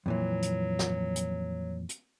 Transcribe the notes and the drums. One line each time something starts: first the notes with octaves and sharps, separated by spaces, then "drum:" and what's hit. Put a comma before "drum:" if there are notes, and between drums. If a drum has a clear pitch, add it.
F2 A#2 E3 F#3
drum: hi-hat
drum: snare
drum: hi-hat
drum: hi-hat